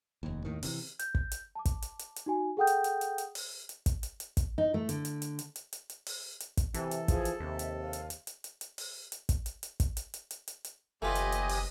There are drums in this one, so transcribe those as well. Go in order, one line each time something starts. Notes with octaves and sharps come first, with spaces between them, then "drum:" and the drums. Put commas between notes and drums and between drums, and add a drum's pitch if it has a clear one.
F1 D#2
D#2 A2 D#3
C3 D#3 E3, drum: open hi-hat
G6, drum: hi-hat
drum: kick
drum: hi-hat
A5 D6
drum: kick, hi-hat
drum: hi-hat
drum: hi-hat
drum: hi-hat
D#4 F#4 G#5
G#4 A4 F#5 G5 D#6 G6
drum: hi-hat
drum: hi-hat
drum: hi-hat
drum: hi-hat
drum: open hi-hat
drum: hi-hat
drum: kick, hi-hat
drum: hi-hat
drum: hi-hat
drum: kick, hi-hat
D#4
A3
D3, drum: hi-hat
drum: hi-hat
drum: hi-hat
drum: hi-hat
drum: hi-hat
drum: hi-hat
drum: hi-hat
drum: open hi-hat
drum: hi-hat
drum: kick, hi-hat
C3 E3 A4, drum: hi-hat
drum: hi-hat
F3 G#4, drum: kick, hi-hat
drum: hi-hat
D#2 C3 E5
drum: hi-hat
F5
drum: hi-hat
drum: hi-hat
drum: hi-hat
drum: hi-hat
drum: hi-hat
drum: open hi-hat
drum: hi-hat
drum: kick, hi-hat
drum: hi-hat
drum: hi-hat
drum: kick, hi-hat
drum: hi-hat
drum: hi-hat
drum: hi-hat
drum: hi-hat
drum: hi-hat
F#1 D#2 A3 F4 G4 B4 D#5 G#5
drum: hi-hat
drum: hi-hat
drum: open hi-hat